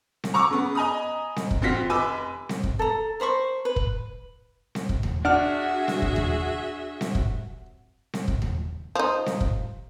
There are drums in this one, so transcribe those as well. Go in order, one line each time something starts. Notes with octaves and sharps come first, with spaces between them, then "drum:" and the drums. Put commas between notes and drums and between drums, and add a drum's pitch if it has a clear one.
drum: snare C4
A#5 C#6 D6 E6
C#3 B3
D#5 G#5 A#5 B5 D#6
drum: snare C4
drum: kick
A1 C4 F4 F#4 A#6 B6
F1 B4 G#5 D6 E6 D#7
drum: snare C4
drum: kick
A4 A#5
A#4 C5 B5 C#6
B4
drum: kick
drum: snare C4
drum: kick
drum: tom D#2
D4 F#4 G#4 E5 F#5 F6
drum: snare C4
drum: kick
drum: tom D#2
drum: snare C4
drum: kick
drum: snare C4
drum: kick
drum: tom D#2
F3 D#4
drum: snare C4
drum: kick